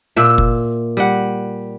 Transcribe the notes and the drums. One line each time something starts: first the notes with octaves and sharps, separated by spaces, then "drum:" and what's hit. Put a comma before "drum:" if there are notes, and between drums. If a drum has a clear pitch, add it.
A#2 E5
drum: kick
G3 F#5